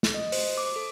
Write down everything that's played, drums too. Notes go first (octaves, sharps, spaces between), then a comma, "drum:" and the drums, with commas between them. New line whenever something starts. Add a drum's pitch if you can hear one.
drum: snare
D#5
C5, drum: open hi-hat
D6
A4